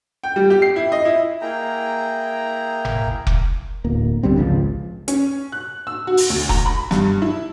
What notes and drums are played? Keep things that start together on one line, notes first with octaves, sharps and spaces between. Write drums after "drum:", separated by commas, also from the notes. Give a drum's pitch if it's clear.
G5
G3
G4
C7
E4
D#5
E4
A#3 E4 G#4 G5 A#5
drum: tom G1
drum: kick F1
D1 A#3
C#2 D3 G3 C4
G#1 C#2 D#3 F3
C#4, drum: hi-hat
F#6
E6
F#4
drum: open hi-hat
D2
A#5, drum: kick F1
B5
G2, drum: snare
E4